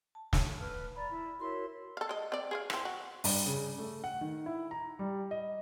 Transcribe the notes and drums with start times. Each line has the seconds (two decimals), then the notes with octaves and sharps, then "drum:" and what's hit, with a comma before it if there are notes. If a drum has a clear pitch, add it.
0.15 A5
0.33 drum: snare
0.60 B4 F6
0.96 D5 A#5 B5
1.10 E4
1.39 E4 F#4 A#4 C#5 C6
1.97 A4 F5
2.09 G#3 D#5
2.32 C4 D5
2.51 G#4 C5 F5
2.70 E3 F3 C4, drum: rim click
2.85 F#4
3.24 G2, drum: open hi-hat
3.46 C#3
3.79 A3
4.04 F#5
4.21 D#3
4.46 E4
4.71 A#5
4.99 G3
5.31 D#5